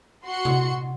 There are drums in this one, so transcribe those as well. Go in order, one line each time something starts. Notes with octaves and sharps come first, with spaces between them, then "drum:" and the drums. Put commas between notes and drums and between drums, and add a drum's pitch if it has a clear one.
F#4 C6 C#7
drum: tom C3